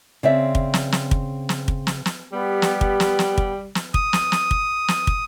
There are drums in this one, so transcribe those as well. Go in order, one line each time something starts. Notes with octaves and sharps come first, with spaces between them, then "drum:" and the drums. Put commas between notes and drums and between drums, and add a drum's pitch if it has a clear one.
C#3 C4 D5 E5
drum: kick
drum: snare
drum: snare
drum: kick
drum: snare
drum: kick
drum: snare
drum: snare
G3 B3 G4
drum: snare
drum: kick
drum: snare
drum: snare
drum: kick
drum: snare
D#6, drum: kick
drum: snare
drum: snare
drum: kick
drum: snare
drum: kick